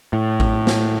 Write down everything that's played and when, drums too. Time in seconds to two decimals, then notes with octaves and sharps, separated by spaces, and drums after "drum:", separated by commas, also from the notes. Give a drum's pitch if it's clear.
0.13 A2
0.40 drum: kick A1
0.67 drum: snare